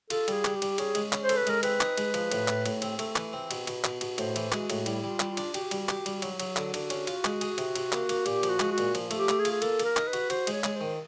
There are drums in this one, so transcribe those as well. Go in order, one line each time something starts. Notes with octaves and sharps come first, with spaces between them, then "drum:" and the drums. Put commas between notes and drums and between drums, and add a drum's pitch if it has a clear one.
F4 A4, drum: cymbal
G3 G#4, drum: cymbal
G3, drum: clap
G4
G3, drum: cymbal
C#4 G#4, drum: cymbal
G#3, drum: cymbal
C#4, drum: clap
C5
A4, drum: cymbal
B4
G#3 A#4, drum: cymbal
C4 B4, drum: cymbal
D#4, drum: clap
G#3, drum: cymbal
F3, drum: cymbal
A2, drum: cymbal
A2, drum: clap
A2, drum: cymbal
C4, drum: cymbal
A3, drum: cymbal
E3, drum: clap
C4
B2, drum: cymbal
B2, drum: cymbal
B2, drum: clap
B2, drum: cymbal
A2 C5, drum: cymbal
E3, drum: cymbal
G#3 F#4, drum: clap
A2, drum: cymbal
G3 E4, drum: cymbal
G3
F4
G3, drum: clap
F4
D4, drum: cymbal
F#4 G4, drum: cymbal
G3, drum: cymbal
G4, drum: clap
G3, drum: cymbal
F#3, drum: cymbal
F#3, drum: cymbal
D3, drum: clap
D3, drum: cymbal
C#4, drum: cymbal
F4, drum: cymbal
G#3, drum: clap
G#4, drum: cymbal
C3, drum: cymbal
C3, drum: cymbal
A#3, drum: clap
A#3, drum: cymbal
A#2 G4, drum: cymbal
F3, drum: cymbal
F#4
G#3, drum: clap
F#4
A#2, drum: cymbal
F3, drum: cymbal
A3, drum: cymbal
G4
A3, drum: clap
G#4
F4, drum: cymbal
G#4
A#3 A4, drum: cymbal
A#3, drum: cymbal
A#4
D#4, drum: clap
B4
F#4, drum: cymbal
F#4 C5, drum: cymbal
G#3, drum: cymbal
C#5
G#3, drum: clap
D#3 C5